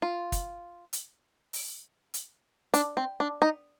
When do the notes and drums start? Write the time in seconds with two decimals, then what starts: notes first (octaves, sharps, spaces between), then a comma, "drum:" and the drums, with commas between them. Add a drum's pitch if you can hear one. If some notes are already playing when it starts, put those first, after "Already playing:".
0.02 F4
0.32 drum: kick, hi-hat
0.93 drum: hi-hat
1.53 drum: open hi-hat
2.14 drum: hi-hat
2.74 D4, drum: hi-hat
2.97 C4
3.20 D4
3.42 D#4